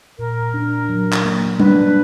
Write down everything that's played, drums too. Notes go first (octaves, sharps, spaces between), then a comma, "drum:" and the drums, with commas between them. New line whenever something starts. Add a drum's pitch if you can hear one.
A#2 A#4
D4
F#3
drum: clap
A#3
D4 B4, drum: tom G3